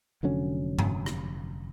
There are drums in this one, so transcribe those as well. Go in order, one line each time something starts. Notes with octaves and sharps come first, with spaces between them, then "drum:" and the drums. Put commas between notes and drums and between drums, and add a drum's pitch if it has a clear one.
F1 D3 F#3 C#4
drum: tom G2
drum: rim click